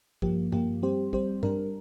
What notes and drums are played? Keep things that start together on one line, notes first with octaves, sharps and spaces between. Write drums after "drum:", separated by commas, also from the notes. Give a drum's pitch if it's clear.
G2 F3 A#3 G4, drum: kick
G2 F3 A#3 G4, drum: tom G2
G3 C4 G4 C5
G3 C4 G4 C5, drum: kick
G3 D4 A#4, drum: tom G2